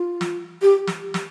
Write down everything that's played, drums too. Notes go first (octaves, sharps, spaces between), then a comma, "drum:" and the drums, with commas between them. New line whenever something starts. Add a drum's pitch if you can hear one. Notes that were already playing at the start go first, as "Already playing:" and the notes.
Already playing: F4
drum: snare
G4
drum: snare
drum: snare